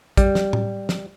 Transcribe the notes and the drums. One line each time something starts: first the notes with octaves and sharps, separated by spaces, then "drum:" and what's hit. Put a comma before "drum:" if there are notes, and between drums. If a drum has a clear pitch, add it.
G3, drum: kick, hi-hat
drum: snare
drum: tom A2
drum: snare